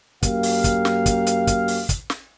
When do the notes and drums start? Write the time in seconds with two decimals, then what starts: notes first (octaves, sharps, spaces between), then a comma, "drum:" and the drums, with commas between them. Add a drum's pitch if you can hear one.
0.23 F#2 A#3 G4 F5, drum: kick, hi-hat
0.43 drum: open hi-hat
0.64 drum: kick, hi-hat
0.85 drum: snare
1.06 drum: kick, hi-hat
1.27 drum: hi-hat
1.47 drum: kick, hi-hat
1.68 drum: open hi-hat
1.89 drum: kick, hi-hat
2.10 drum: snare